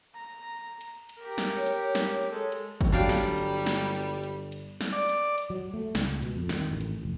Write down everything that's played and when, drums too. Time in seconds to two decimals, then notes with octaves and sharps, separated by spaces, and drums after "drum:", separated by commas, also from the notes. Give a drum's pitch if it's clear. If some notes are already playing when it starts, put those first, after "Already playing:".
0.15 A#5
0.81 drum: cymbal
1.09 drum: cymbal
1.19 G4 A#4
1.38 drum: snare
1.57 C#5
1.66 drum: cymbal
1.95 drum: snare
2.31 G#3 A4
2.52 drum: cymbal
2.81 drum: kick, cymbal
2.92 G1 F#3 G3 D4 F5 G5
3.09 drum: snare
3.38 drum: cymbal
3.66 drum: snare
3.95 drum: cymbal
4.23 drum: cymbal
4.52 drum: cymbal
4.81 drum: snare
4.92 D5
5.09 drum: cymbal
5.38 drum: cymbal
5.50 F#3
5.74 A3
5.95 C#2, drum: snare
6.22 B2, drum: cymbal
6.36 F2
6.49 D#3, drum: snare
6.71 A1
6.81 drum: cymbal
7.03 F1